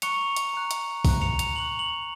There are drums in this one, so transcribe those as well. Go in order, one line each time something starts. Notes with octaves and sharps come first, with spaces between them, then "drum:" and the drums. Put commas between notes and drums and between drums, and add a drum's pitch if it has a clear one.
A#5 C#6 F#6 C#7 F7, drum: hi-hat
drum: hi-hat
A#5 C#6 F#6
drum: hi-hat
A#5 C#6 F#6, drum: kick, open hi-hat
C#7 F7
C#7 F7, drum: hi-hat
A#5 C#6 F#6 F#7
F#7